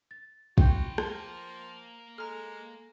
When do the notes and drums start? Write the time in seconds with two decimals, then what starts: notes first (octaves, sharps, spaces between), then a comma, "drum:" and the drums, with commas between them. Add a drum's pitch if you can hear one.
0.11 A6
0.58 E4 F#4 G5 C6 G6, drum: kick
0.98 F3 A#3 A#4 C6, drum: rim click
2.18 G#3 A4 A#5 F6